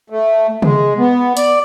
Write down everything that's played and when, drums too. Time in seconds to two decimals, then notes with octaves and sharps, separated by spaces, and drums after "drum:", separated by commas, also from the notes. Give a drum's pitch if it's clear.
0.10 A3
0.62 G#3, drum: tom
0.98 B3
1.37 D5, drum: hi-hat